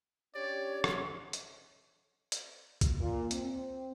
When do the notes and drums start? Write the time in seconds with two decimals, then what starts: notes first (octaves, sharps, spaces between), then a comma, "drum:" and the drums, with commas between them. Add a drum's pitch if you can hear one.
0.35 C#4 D4 G4 C#5 D5
0.84 drum: rim click
1.33 drum: hi-hat
2.32 drum: hi-hat
2.81 drum: kick C2, hi-hat
3.00 A#2
3.31 C4, drum: hi-hat